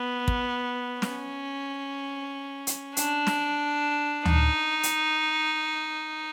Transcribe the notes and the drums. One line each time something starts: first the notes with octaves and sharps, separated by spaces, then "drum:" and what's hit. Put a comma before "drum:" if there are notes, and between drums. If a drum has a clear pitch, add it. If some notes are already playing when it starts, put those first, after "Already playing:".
Already playing: B3
drum: kick
C#4, drum: snare
drum: hi-hat
D4, drum: hi-hat
drum: snare
D#4, drum: tom D2
drum: hi-hat